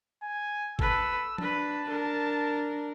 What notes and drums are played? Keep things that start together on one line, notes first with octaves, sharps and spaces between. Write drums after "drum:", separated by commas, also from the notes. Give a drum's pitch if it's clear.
G#5
A4 B4 E6, drum: kick G1
D4 B4 A5, drum: tom F3
D4 A#4